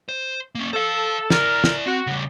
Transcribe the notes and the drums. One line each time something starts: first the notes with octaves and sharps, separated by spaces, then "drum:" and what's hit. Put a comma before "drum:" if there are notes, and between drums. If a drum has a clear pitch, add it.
C5
A#3 C#4
A4 C5 F5
E4 A#4 D5, drum: snare
drum: snare
C4 F#4
C#3 G3